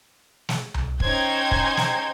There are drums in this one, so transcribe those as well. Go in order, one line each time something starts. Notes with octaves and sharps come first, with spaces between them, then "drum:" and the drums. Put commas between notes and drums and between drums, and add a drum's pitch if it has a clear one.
drum: snare
drum: tom C2
C#4 D#4 C5 G5 G6 G#6, drum: kick
drum: kick
drum: snare